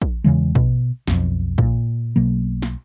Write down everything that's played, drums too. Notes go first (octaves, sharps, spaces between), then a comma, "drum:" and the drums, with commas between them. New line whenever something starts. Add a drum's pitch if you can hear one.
drum: kick
E2 C#3 E3 G#3
B2, drum: kick
B1 F2, drum: snare
A#2, drum: kick
B1 B2 F#3 A#3
drum: snare